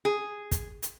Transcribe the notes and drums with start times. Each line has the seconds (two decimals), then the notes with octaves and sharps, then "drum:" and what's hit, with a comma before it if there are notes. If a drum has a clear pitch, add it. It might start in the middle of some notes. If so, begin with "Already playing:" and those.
0.05 G#4
0.51 drum: kick, hi-hat
0.82 drum: hi-hat